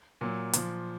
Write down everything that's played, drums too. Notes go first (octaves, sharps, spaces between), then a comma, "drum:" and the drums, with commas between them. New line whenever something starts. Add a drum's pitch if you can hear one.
A#2 F#3
A#2 F3, drum: hi-hat